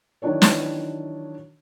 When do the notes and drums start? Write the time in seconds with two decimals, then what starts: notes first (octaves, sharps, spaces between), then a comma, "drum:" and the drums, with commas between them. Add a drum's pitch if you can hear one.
0.22 D#3 E3 F#3 D4 E4 C#5
0.42 drum: snare